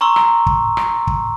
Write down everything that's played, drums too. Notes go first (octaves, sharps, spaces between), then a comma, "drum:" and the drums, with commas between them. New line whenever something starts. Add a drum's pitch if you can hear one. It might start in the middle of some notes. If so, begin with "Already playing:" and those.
A#5 C6 C#6 E6
drum: rim click
drum: kick
drum: rim click
drum: kick